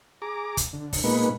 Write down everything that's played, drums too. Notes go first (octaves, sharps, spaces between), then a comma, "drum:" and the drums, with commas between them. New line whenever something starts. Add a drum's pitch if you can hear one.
G#4 A#5 D6
drum: kick, hi-hat
D3
drum: kick, open hi-hat
A#2 G#3 A#3 B3 D#4 B4